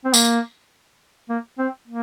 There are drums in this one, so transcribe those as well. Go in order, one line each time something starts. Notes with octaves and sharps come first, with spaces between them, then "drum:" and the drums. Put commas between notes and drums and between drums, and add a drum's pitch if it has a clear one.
C4
A#3, drum: tambourine
A#3
C4
A#3